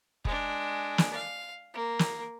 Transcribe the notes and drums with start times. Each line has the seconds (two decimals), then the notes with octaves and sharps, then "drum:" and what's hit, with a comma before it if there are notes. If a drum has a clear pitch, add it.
0.25 G#3 D4, drum: kick F1
0.98 drum: snare
1.13 F5
1.74 A#3
1.99 drum: snare